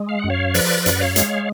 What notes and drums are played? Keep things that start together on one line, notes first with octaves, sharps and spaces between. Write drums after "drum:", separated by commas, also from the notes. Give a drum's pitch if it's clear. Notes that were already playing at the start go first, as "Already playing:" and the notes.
Already playing: G#3
F5
F#2 F#5
C#5 F5
F3 B4 D5, drum: open hi-hat
F#2, drum: hi-hat
F#5
C#5 F5
G#3, drum: hi-hat